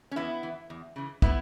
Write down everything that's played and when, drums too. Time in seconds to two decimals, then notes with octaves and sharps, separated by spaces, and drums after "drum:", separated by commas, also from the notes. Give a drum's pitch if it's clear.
0.11 C#4
0.16 E2 B3 E4
0.43 E3
0.70 E2
0.96 C#3 E3
1.22 A2 B3 E4, drum: kick